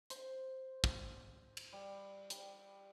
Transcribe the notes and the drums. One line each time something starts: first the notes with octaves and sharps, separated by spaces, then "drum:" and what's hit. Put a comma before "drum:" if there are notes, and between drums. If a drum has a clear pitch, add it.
C5, drum: hi-hat
drum: kick
drum: cymbal
G3
G3, drum: hi-hat